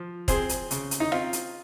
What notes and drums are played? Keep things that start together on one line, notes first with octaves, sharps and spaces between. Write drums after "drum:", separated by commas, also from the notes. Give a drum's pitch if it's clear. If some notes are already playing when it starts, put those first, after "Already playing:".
Already playing: F3
C4 G#4 C5, drum: kick E1, hi-hat
drum: hi-hat
C#3, drum: hi-hat
drum: hi-hat
D#4
C4 F4, drum: rim click
drum: hi-hat